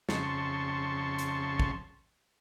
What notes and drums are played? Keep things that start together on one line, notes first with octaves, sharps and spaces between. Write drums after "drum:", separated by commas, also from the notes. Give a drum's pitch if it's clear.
F2 C#3 A5 C6 C#6, drum: snare
drum: hi-hat
drum: kick